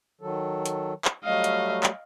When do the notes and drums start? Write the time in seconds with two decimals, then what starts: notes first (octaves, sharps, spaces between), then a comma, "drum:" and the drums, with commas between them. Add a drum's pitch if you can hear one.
0.21 D#3 F#3 A4
0.66 drum: hi-hat
1.05 drum: clap
1.24 F#3 G3 A3 D#5 F5
1.44 drum: hi-hat
1.83 drum: clap